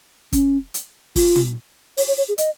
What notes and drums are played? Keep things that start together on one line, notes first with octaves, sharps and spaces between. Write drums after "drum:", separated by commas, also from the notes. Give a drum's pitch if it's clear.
C#4, drum: kick, hi-hat
drum: hi-hat
F4, drum: kick, open hi-hat
drum: tom
C#5, drum: open hi-hat
C#5
C#5
G#4
D#5, drum: hi-hat